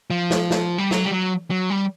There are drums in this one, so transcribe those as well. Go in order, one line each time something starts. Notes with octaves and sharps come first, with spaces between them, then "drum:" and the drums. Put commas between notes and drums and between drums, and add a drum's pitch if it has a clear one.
F3
drum: snare
drum: snare
G3
F#3, drum: snare
G3
F#3
F#3
G3